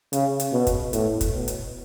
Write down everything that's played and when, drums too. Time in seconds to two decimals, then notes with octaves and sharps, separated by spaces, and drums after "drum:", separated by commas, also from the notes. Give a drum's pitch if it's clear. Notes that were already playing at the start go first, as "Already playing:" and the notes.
0.13 C#3, drum: hi-hat
0.40 drum: hi-hat
0.52 B2
0.67 drum: kick, hi-hat
0.93 A2, drum: hi-hat
1.21 drum: kick, hi-hat
1.34 B2
1.48 drum: hi-hat